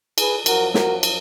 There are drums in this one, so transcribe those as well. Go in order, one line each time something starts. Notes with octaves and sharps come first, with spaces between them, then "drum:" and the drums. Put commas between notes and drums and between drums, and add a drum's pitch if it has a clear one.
G#4 B4, drum: cymbal
F#2 F3 F#4 A#4, drum: cymbal
F#4 A#4, drum: snare
drum: cymbal